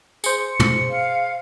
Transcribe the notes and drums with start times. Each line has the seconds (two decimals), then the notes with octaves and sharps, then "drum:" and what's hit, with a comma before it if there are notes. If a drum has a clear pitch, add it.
0.24 G#4 C5 C#7, drum: tambourine
0.60 drum: tom
0.90 F5